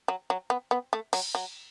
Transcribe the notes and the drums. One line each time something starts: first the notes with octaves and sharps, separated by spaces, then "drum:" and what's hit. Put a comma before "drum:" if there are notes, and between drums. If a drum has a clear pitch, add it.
F#3
F#3
B3
B3
A3
F#3, drum: cymbal
F#3